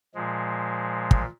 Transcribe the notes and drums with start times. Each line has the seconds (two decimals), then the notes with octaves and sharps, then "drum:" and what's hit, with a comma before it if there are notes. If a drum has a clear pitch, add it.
0.15 A#2 F3 G#3
1.11 drum: kick